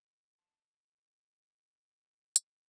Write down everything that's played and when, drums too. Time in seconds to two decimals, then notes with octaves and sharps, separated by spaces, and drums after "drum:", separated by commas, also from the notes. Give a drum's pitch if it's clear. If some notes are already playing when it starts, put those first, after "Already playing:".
0.37 A5 C6
2.36 drum: hi-hat